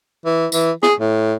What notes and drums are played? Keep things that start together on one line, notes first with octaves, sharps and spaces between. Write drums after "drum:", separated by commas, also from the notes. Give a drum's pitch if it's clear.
E3
E3, drum: tambourine
G#4, drum: rim click
A2